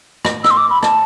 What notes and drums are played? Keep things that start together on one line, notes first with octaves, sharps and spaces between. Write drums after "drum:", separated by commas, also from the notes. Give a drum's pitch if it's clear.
drum: rim click
E6, drum: rim click
C6
D6
B5
A5, drum: rim click